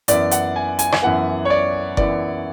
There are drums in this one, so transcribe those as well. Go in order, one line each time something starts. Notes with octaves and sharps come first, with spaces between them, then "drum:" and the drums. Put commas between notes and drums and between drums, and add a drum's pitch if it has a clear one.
F#2 E3 B3 D5, drum: hi-hat
F#5, drum: hi-hat
G#5
G#5, drum: hi-hat
drum: rim click
F#2 E3 B3 F#5
C#5
D5
F#2 E3 B3 D5, drum: kick F#1